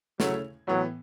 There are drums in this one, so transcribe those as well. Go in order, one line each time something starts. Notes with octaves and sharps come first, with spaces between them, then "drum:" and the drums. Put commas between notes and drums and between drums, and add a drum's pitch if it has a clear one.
C#3 F#3 A3 E4 C#5, drum: snare
A2 E3 F#3 B3